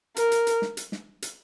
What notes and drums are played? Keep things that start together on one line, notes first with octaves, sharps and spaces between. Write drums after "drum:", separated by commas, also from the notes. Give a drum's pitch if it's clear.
A#4, drum: hi-hat
drum: hi-hat
drum: hi-hat
drum: snare
drum: hi-hat
drum: snare
drum: hi-hat